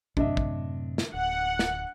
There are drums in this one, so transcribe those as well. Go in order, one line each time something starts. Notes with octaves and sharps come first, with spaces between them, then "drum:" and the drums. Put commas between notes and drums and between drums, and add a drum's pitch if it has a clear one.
F#2 A2 C3 D4 D#5 E5, drum: kick
drum: kick
drum: snare
D1 F#5
drum: snare